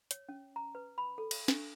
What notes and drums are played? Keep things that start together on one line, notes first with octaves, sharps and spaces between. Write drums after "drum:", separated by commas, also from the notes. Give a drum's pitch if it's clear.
C#5, drum: hi-hat
C#4
A#5
B4
B5
A4
drum: cymbal
D4, drum: snare